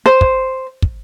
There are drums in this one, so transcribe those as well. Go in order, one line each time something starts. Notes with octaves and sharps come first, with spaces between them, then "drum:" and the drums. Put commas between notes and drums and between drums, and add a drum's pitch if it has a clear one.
C5
drum: kick
drum: kick